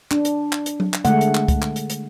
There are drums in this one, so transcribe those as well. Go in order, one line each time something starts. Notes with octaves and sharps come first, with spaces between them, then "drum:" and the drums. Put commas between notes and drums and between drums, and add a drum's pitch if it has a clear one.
D4, drum: clap
drum: hi-hat
drum: clap
drum: hi-hat
drum: tom F#3
drum: clap
D3 G#3 A3 F#5, drum: hi-hat
drum: hi-hat
drum: clap
drum: kick, hi-hat
drum: clap
drum: hi-hat
drum: hi-hat